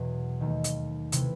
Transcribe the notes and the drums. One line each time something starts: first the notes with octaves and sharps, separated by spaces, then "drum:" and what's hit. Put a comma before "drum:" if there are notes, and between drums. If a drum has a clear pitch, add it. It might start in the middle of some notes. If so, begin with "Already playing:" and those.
Already playing: E2 B2 F#3 F#4
D#2 D#3 A3 D#4
drum: hi-hat
C3 E3 A3 E4, drum: hi-hat